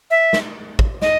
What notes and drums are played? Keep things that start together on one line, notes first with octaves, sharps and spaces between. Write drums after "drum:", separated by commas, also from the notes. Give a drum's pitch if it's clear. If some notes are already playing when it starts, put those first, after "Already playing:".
E5
drum: snare
drum: kick
D#5, drum: snare